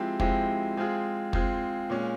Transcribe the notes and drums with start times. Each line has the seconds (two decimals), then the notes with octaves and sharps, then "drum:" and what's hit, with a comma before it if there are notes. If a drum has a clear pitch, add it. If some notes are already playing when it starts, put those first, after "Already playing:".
Already playing: F3 G#3 C4 E4 G4
0.20 F3 G#3 C4 E4 G4, drum: kick
0.77 G#3 C4 F4 G#4
1.33 G#3 C4 F4 G#4, drum: kick
1.90 A#2 G#3 C#4